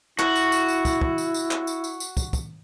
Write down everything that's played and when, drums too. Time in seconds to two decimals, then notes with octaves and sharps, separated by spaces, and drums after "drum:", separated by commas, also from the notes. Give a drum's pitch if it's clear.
0.19 E4 F#4, drum: clap
0.36 drum: tambourine
0.52 drum: tambourine
0.69 drum: tambourine
0.85 drum: kick, tambourine
1.01 drum: kick
1.18 drum: tambourine
1.34 drum: tambourine
1.51 drum: clap
1.67 drum: tambourine
1.84 drum: tambourine
2.00 drum: tambourine
2.17 drum: kick, tambourine
2.33 drum: kick, tambourine